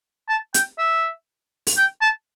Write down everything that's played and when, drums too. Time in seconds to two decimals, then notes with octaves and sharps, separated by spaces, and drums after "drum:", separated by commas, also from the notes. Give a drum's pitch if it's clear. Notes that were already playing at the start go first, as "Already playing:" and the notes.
0.29 A5
0.54 G5, drum: hi-hat
0.79 E5
1.67 drum: open hi-hat
1.77 G5
2.01 A5